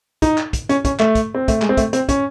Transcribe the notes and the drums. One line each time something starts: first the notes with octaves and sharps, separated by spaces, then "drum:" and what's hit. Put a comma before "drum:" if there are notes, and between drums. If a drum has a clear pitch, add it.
D#4, drum: kick, hi-hat
drum: clap
drum: kick, hi-hat
C#4, drum: hi-hat
C#4, drum: kick, hi-hat
A3, drum: clap
drum: kick, hi-hat
C4
A3, drum: kick, hi-hat
G#3, drum: clap
C4
A3, drum: kick, hi-hat
C4, drum: hi-hat
C#4, drum: kick, hi-hat